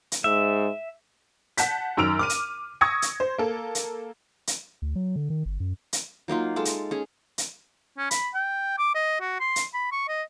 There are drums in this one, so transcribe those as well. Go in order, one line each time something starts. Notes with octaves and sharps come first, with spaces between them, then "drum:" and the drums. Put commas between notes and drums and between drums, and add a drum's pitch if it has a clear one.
drum: hi-hat
G#2 E5
F#5 A5 G6 B6, drum: hi-hat
F#2 D#3 E6 D7 F7
D6 F6 D#7
drum: hi-hat
C#6 D#6 E6 G#6 A#6 C#7
drum: hi-hat
C5
A#3 A4
drum: hi-hat
drum: hi-hat
D2
F#3
D3
D#3
G1
F#2
drum: hi-hat
F#3 A#3 D#4 F4
G#3 F4 A4
drum: hi-hat
C#4 G#4
drum: hi-hat
C#4
B5, drum: hi-hat
G5
D6
D#5
F#4
C6
drum: hi-hat
B5
C#6
D#5